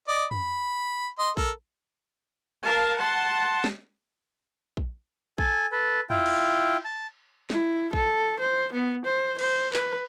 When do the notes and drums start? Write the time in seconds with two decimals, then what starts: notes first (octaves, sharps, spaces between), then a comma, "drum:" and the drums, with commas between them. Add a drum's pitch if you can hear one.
0.08 D5 D#5
0.31 B5, drum: tom
1.19 D#5 C6
1.37 A4 A#4, drum: kick A#1
2.64 A#4 F5 A5
2.98 F#5 A5 C6
3.64 drum: snare
4.77 drum: kick A#1
5.38 A4 G#5, drum: kick A#1
5.72 A4 B4
6.10 E4 F4 G5, drum: tom
6.26 drum: cymbal
6.85 A5
7.50 E4, drum: snare
7.93 A4, drum: kick A#1
8.40 C5
8.73 B3
9.05 C5
9.39 C5, drum: cymbal
9.73 B4, drum: clap